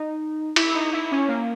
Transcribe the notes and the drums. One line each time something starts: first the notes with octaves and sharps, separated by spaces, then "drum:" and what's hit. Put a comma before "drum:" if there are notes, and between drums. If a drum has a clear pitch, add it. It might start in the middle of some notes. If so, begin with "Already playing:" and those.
Already playing: D#4
E4, drum: cymbal
D#4
E4
C#4
A#3